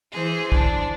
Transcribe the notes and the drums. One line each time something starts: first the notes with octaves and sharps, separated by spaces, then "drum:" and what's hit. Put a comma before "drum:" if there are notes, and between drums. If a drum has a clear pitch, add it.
E3 G#4 C5
D4, drum: kick